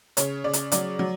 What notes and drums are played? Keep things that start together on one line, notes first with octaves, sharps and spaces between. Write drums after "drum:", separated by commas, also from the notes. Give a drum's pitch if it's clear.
C#3 C#5, drum: hi-hat
C#3 D5
drum: hi-hat
F#3 D5, drum: hi-hat
F#3